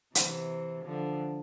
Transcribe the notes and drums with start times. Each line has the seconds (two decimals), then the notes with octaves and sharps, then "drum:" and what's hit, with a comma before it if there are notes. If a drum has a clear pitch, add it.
0.15 C3 E3, drum: hi-hat
0.84 D3 F3